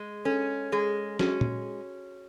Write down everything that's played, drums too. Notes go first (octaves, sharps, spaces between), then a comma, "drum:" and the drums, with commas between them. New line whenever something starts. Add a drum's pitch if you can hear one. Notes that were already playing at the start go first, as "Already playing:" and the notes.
Already playing: G#3 G#4
C#4 A4
G#3 G#4
C#4 F#4, drum: snare
drum: tom A#2